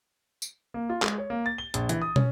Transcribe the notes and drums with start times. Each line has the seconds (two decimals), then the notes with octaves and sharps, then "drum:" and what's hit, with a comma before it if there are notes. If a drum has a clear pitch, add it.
0.42 drum: tambourine
0.74 A#3
0.89 F4
1.02 G#3, drum: clap
1.18 C#5
1.30 A#3
1.46 A6
1.58 G7
1.74 A#1, drum: hi-hat
1.89 E3, drum: hi-hat
2.02 D#6
2.16 C#4, drum: tom